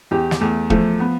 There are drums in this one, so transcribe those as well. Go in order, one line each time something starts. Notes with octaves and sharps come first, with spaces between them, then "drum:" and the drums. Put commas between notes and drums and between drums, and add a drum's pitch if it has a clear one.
E2 G4
drum: snare
E2 A3
F3 A3, drum: kick
B3